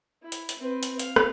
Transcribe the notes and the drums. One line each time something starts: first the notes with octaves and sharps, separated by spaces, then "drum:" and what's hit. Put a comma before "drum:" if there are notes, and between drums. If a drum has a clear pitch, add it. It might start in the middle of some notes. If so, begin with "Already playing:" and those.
E4
drum: hi-hat
drum: hi-hat
C4 B4
drum: hi-hat
F5, drum: hi-hat
drum: rim click